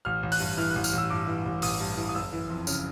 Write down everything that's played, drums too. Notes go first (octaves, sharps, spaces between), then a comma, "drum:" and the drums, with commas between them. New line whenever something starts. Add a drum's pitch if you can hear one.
A1 F6
A1
F#6, drum: open hi-hat
G2
E3 F6
A1 F#6
F6, drum: tambourine
A1 E6
G2 D6
E3
A1
A1 D#6, drum: open hi-hat
G2
E3
D#6
F#1 E6
E3
F2
C#3 F6, drum: tambourine